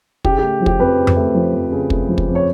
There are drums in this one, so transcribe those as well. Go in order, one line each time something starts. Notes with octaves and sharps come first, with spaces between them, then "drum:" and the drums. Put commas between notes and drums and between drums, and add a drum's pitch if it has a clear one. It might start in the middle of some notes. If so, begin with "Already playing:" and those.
C#3 G4, drum: kick
A3 G4
F3
G4, drum: kick
F2 B4
C#3
drum: tom F2
A3
F3
F2
C#3
A3, drum: kick
F3
drum: kick
F2
C#5